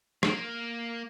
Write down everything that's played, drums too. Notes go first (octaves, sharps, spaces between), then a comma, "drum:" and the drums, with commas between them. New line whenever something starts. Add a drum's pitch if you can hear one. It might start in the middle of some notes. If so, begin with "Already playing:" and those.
A#3, drum: rim click